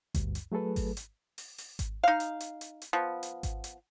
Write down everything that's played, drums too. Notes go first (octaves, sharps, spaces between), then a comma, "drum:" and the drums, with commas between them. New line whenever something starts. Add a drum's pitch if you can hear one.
D2 G2, drum: kick G#1, hi-hat
drum: hi-hat
F#3 A3 G#4 A4 B4
drum: kick G#1, open hi-hat
drum: hi-hat
drum: open hi-hat
drum: open hi-hat
drum: kick G#1, hi-hat
D#4 F5
drum: hi-hat
drum: hi-hat
drum: hi-hat
drum: hi-hat
F3 B3
drum: hi-hat
drum: kick G#1, hi-hat
drum: hi-hat